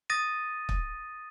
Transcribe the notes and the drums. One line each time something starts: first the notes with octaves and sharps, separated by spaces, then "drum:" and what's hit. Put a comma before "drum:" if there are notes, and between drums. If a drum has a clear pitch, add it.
D#6 A6 A#6 D#7
drum: kick